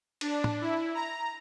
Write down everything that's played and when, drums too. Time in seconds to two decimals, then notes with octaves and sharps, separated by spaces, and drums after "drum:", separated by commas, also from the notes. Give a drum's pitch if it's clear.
0.21 D4, drum: cymbal
0.44 drum: tom
0.61 E4
0.95 A#5